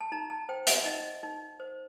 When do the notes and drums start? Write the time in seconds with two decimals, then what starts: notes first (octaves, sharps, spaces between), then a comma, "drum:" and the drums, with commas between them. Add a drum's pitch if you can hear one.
0.01 A5
0.12 D#4 A#5
0.30 A5
0.49 C5 G5
0.67 F#5, drum: hi-hat
0.85 D#4 D#5
1.23 D#4
1.60 C5